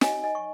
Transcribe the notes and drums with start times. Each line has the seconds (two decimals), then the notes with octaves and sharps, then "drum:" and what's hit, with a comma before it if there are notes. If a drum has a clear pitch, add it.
0.01 D#4 C#5 D#5 G#5, drum: snare
0.23 D#5 G#5
0.35 C#6